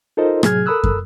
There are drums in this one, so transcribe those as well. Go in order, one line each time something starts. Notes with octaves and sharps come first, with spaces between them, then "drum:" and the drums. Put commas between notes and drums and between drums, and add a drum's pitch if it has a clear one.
D#4 F4 A4 A#4 C5 D#5
A2 C3 F#3 G#4 F6 G#6, drum: rim click
A4 A#4 B5 D#6 E6 F#6
drum: kick